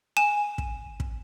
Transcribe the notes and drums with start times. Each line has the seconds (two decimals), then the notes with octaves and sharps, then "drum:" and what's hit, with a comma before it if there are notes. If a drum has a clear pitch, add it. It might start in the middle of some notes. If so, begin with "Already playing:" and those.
0.17 G#5 E7
0.58 drum: kick
1.00 drum: kick